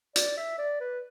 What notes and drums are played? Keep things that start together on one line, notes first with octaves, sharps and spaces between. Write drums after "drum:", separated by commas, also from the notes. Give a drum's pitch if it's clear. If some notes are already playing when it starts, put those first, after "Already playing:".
D5, drum: hi-hat
E5
D5
B4